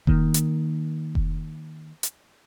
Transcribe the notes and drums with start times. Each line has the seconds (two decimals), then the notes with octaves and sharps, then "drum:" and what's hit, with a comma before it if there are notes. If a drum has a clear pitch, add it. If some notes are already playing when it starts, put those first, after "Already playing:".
0.07 D#3 A#3, drum: kick F1
0.34 drum: hi-hat
1.15 drum: kick F1
2.03 drum: hi-hat